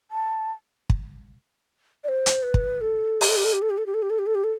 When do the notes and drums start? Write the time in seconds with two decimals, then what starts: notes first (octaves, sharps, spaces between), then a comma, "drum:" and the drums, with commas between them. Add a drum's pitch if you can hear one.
0.11 A5
0.90 drum: kick
2.04 D5
2.08 C5
2.26 drum: hi-hat
2.43 B4
2.54 drum: kick
2.81 A4
3.21 G4, drum: open hi-hat
3.29 A4
3.36 G4
3.45 A4
3.53 G4
3.62 A4
3.70 G4
3.78 A4
3.86 G4
3.94 A4
4.02 G4
4.10 A4
4.19 G4
4.26 A4
4.35 G4
4.44 A4